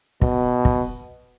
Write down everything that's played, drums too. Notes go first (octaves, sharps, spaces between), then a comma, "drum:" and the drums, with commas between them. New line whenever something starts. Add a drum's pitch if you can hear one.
B2, drum: kick
drum: kick